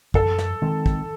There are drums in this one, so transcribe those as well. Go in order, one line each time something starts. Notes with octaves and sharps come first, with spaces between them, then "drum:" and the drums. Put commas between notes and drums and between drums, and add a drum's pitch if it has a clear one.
F#2 A4, drum: kick
drum: snare
D#3 G#3 C4
drum: kick